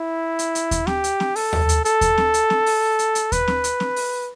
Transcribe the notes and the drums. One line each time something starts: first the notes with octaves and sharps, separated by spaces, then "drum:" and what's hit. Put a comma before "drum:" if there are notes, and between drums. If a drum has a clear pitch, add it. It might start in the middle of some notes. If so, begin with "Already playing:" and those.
Already playing: E4
drum: hi-hat
drum: hi-hat
drum: kick D#2, hi-hat
G4, drum: snare C4
drum: hi-hat
drum: snare C4
A4, drum: open hi-hat
drum: tom D#2
drum: hi-hat
A4, drum: hi-hat
drum: kick D#2, hi-hat
drum: snare C4
drum: hi-hat
drum: snare C4
drum: open hi-hat
drum: hi-hat
drum: hi-hat
B4, drum: kick D#2, hi-hat
drum: snare C4
drum: hi-hat
drum: snare C4
drum: open hi-hat